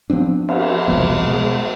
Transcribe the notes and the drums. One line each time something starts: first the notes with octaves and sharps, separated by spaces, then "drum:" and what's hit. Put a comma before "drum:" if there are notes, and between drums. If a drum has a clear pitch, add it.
F3 B3 C4 D4
drum: cymbal
E1 C2 F3 B3
B2 G#3